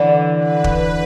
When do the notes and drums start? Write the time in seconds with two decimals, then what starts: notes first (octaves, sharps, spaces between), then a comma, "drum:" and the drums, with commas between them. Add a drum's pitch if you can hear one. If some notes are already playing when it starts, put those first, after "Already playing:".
Already playing: D3 E3
0.37 B4
0.64 drum: kick